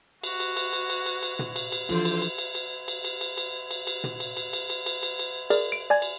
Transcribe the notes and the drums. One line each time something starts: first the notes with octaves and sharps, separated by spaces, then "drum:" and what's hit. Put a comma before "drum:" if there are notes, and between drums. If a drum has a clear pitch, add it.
F#4, drum: cymbal
drum: cymbal
drum: cymbal
drum: cymbal
drum: cymbal
drum: cymbal
drum: cymbal
drum: tom
drum: cymbal
drum: cymbal
D3 E3 F3 F4 C5, drum: cymbal
drum: cymbal
drum: cymbal
drum: cymbal
drum: cymbal
drum: cymbal
drum: cymbal
drum: cymbal
drum: cymbal
drum: cymbal
drum: cymbal
drum: tom
drum: cymbal
drum: cymbal
drum: cymbal
drum: cymbal
drum: cymbal
drum: cymbal
drum: cymbal
G#4 A#4 D5, drum: cymbal
D7
D5 G#5 G#6
drum: cymbal